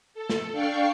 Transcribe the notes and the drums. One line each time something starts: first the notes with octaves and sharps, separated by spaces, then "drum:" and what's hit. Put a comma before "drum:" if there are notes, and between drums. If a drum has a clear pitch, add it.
A4
drum: snare
D4 D5 F5 G5 C#6 C7